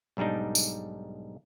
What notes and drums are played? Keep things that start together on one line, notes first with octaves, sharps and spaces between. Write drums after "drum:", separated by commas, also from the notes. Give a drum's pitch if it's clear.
B1 G#2 G3 D4 D#4
drum: tambourine